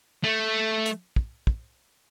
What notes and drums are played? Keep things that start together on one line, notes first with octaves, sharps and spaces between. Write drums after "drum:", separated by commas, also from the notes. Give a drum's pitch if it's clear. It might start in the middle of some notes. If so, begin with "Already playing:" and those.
A3
drum: hi-hat
drum: kick
drum: kick